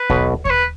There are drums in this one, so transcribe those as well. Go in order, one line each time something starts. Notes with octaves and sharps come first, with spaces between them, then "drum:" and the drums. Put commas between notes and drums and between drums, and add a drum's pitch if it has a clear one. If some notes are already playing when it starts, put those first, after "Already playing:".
Already playing: B4
B1 B2, drum: kick D#2
C#5, drum: kick D#2
B4